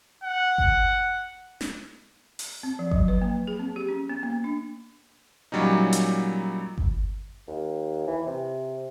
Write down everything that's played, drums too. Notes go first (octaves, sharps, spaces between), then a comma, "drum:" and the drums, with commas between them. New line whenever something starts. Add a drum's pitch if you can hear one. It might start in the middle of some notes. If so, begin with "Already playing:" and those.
F#5
drum: kick G1
drum: snare
drum: open hi-hat
C4
F3
F#3, drum: kick G1
B4
A#3
G#4
C4
G4
C#4
B3
A#3
D4
A#2 F#3 G3 C#4 D#4
drum: hi-hat
drum: kick G1
D#2
E3
C3